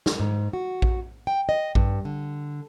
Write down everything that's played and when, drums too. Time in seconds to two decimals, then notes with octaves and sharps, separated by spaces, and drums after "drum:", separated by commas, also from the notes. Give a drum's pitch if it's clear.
0.06 drum: snare
0.20 G#2
0.53 F#4
0.82 drum: kick A#1
1.27 G5
1.49 D#5
1.75 G2, drum: kick A#1
2.05 D3